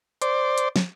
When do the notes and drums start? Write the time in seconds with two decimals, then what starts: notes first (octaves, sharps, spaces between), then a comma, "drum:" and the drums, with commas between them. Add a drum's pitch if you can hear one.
0.22 C5 D5, drum: hi-hat
0.58 drum: hi-hat
0.76 drum: snare